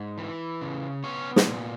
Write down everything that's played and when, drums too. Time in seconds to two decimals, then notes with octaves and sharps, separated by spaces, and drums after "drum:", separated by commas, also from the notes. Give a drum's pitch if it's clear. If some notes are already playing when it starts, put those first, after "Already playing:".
Already playing: G#2
0.18 E3
0.61 C#3
1.04 B3 C#4 C#5
1.36 drum: snare
1.47 A#2